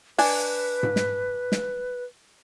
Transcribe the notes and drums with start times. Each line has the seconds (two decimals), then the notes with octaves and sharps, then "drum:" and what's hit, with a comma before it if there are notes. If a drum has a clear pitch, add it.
0.19 D4 B4 G#5, drum: open hi-hat
0.83 drum: tom G#2
0.96 drum: snare
1.52 drum: snare